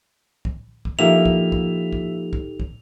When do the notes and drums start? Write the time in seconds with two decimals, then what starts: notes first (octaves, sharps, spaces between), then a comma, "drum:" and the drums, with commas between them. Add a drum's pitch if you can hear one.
0.45 drum: kick
0.85 drum: kick
0.99 F3 A#3 D#4 E4 G4 A4 E5 F7
1.25 drum: kick
1.52 drum: kick
1.93 drum: kick
2.33 drum: kick
2.60 drum: kick